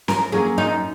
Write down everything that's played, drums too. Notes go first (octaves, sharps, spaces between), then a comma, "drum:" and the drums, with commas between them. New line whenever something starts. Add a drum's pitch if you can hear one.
F#2 A#4, drum: snare C#4
F#3 A#3 C#4 G#4
F#2 D#4